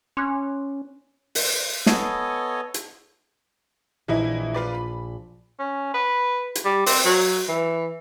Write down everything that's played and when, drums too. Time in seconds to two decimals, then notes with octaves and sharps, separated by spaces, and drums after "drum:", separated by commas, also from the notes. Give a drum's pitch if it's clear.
0.17 C#4 C6 D6 F#6
1.35 drum: open hi-hat
1.86 B3 A4 C#5 D#5 G#5, drum: snare
2.74 drum: hi-hat
4.08 A#1 E3 D#4 E4
4.54 F4 B4 D5
4.75 B5
5.59 C#4
5.94 B4
6.55 drum: hi-hat
6.65 G3
6.86 C4, drum: open hi-hat
7.05 F#3
7.48 E3